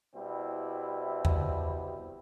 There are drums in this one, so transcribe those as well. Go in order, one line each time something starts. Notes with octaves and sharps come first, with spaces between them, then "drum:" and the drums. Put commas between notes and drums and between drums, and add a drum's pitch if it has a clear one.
B2 G3 C4 E4
drum: tom E2